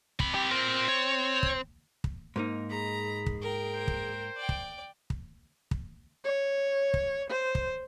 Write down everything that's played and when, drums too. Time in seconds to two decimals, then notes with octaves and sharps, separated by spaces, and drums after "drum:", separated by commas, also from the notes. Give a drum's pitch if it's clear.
0.20 C4 B5, drum: kick
0.34 G4
0.51 C4 F4 A#4
0.88 C#5
1.43 drum: kick
2.04 drum: kick
2.36 G#2 A#3 D#4
2.70 G#4 A#5 B5
3.26 drum: kick
3.42 A#4 G5
3.73 C5
3.88 drum: kick
4.37 D5 G5
4.49 drum: kick
5.10 drum: kick
5.71 drum: kick
6.25 C#5
6.94 drum: kick
7.30 C5
7.55 drum: kick